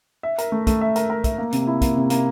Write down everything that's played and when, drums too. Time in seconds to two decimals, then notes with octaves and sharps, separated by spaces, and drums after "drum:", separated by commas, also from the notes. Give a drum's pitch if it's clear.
0.23 E5
0.38 A#4, drum: hi-hat
0.52 A3
0.67 A3, drum: kick, hi-hat
0.81 E5
0.96 A#4, drum: hi-hat
1.10 A#4
1.24 E5, drum: kick, hi-hat
1.38 A#3
1.53 C3, drum: hi-hat
1.67 E4
1.82 A#3, drum: kick, hi-hat
1.96 C3
2.10 A#3, drum: hi-hat